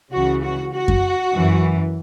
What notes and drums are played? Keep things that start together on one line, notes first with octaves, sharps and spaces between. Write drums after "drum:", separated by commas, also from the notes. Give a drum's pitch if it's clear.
C#2 C#3 E3 F#4
F#4
F#4
drum: kick F#2
F#2 E3